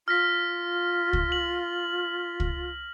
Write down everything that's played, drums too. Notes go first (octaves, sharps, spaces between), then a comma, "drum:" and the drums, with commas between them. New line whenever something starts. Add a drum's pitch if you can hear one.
F4 F6 A#6 B6
drum: kick
F#7
drum: kick